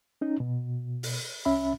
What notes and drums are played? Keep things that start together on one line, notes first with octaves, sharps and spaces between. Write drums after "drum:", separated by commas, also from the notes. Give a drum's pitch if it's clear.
C#4 D#4
B2
drum: open hi-hat
C2 C#4 E5 B5